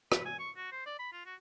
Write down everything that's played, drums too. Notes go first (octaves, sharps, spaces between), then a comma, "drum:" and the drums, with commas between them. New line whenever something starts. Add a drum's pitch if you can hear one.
B4, drum: rim click
G#5
C#6
F#4
C5
D5
B5
F4
F#4